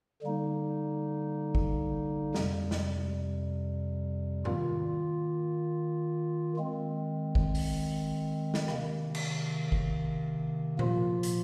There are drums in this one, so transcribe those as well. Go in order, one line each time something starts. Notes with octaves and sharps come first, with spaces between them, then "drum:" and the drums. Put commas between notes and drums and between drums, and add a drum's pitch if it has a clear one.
D3 G3 A#3 D#4
drum: kick
F2 C3 G3, drum: snare
drum: snare
D#3 A#3 F4, drum: tom G#2
D#3 G#3 C4
drum: kick
drum: open hi-hat
drum: snare
C3 D#3 A#3, drum: rim click
drum: cymbal
drum: kick
A#2 F3 A#3 F4, drum: tom A#2
drum: hi-hat